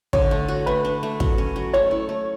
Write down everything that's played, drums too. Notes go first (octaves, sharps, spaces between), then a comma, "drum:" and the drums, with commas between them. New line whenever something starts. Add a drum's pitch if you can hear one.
D3 C#5, drum: kick
A3
F#4
A3 B4
D4
A3
F#3, drum: kick
C#4
F#3
A3 C#5
E4
A3